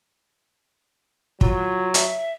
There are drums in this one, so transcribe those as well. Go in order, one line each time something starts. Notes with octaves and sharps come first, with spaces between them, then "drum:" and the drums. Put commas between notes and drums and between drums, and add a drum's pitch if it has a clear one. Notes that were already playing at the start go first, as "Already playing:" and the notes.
F#3 F4, drum: kick
E5, drum: hi-hat